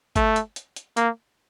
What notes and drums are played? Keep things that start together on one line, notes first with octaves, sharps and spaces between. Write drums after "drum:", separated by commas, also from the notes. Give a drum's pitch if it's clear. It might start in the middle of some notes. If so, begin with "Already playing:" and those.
A3, drum: kick G1, hi-hat
drum: hi-hat
drum: hi-hat
drum: hi-hat
A#3, drum: hi-hat